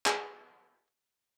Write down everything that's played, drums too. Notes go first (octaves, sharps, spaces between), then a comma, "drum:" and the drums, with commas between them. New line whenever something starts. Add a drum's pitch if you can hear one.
G#4, drum: clap